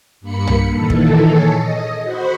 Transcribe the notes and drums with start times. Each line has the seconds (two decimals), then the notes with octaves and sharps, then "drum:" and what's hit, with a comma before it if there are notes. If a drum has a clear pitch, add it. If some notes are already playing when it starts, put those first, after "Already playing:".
0.21 G2 A#3 B5 C#7
0.47 drum: tom
0.72 A#2 D#3 E3 A4
0.90 drum: kick
1.25 G#4 A4 C#5
1.57 D#5
2.03 F#4 C5 F#5 B5